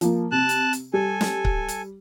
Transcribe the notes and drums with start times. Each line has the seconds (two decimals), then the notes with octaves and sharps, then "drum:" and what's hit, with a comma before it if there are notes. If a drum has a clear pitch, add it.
0.01 F3 A#3, drum: hi-hat
0.32 C3 A5 F#6
0.49 drum: hi-hat
0.73 drum: hi-hat
0.93 G3 A4 G#5
1.21 drum: snare
1.45 drum: kick C#1
1.68 drum: hi-hat